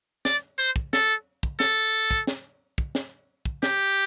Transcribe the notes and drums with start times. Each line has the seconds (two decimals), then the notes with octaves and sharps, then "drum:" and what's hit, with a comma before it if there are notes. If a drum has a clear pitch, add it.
0.25 D5, drum: snare
0.59 C5
0.76 drum: kick
0.93 A4, drum: snare
1.43 drum: kick
1.60 A4, drum: snare
2.11 drum: kick
2.27 drum: snare
2.78 drum: kick
2.95 drum: snare
3.45 drum: kick
3.63 G4, drum: snare